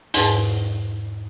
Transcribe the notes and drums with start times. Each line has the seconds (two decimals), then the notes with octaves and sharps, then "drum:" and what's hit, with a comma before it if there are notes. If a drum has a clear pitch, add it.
0.14 E2 G#2 G#4 B4 A5 A6, drum: hi-hat